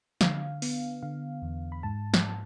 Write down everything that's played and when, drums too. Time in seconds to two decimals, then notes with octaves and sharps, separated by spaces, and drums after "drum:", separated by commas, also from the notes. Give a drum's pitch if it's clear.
0.21 D3 F5, drum: snare
0.62 B3, drum: open hi-hat
1.03 D3 F5
1.42 E2
1.72 B5
1.83 G#2 A5
2.14 drum: snare